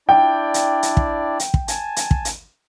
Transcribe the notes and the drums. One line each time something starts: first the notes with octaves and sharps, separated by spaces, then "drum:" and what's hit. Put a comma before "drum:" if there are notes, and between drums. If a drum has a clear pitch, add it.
D4 E4 D5 G5
drum: hi-hat
drum: hi-hat
drum: kick
drum: hi-hat
drum: kick
G#5 A5, drum: hi-hat
drum: hi-hat
drum: kick
drum: hi-hat